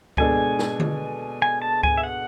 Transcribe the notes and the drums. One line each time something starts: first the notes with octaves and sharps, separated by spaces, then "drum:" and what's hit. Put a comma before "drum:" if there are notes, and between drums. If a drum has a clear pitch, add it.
B2 G#3 D4 A4 G#5, drum: kick C#2
drum: snare
drum: tom D3
G#5
A5
G#5, drum: kick C#2
E5
F#5